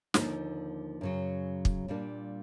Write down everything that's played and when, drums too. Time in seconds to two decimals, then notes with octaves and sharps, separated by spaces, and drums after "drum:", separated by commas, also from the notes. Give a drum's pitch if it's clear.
0.14 D#2 D3 F3 A#3 D#4, drum: snare
1.01 F#2 C#3 F#3
1.65 drum: kick
1.88 A#2 G3 A#3 D4